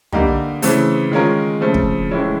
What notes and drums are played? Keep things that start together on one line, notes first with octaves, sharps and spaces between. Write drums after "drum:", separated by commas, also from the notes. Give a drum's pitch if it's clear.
D3 G3 A#3 D#4 G4, drum: tom
C#3 E3 A3 C4, drum: open hi-hat
D#3 G#3 C#4 F4 A#4
C#3 F3 A3 C4
drum: kick
A2 E3 G#3 C#4 E4